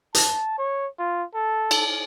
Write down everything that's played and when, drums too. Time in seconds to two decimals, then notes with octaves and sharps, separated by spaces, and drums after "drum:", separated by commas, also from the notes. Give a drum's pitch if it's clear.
0.15 A5, drum: hi-hat
0.58 C#5
0.99 F4
1.35 A4
1.71 drum: cymbal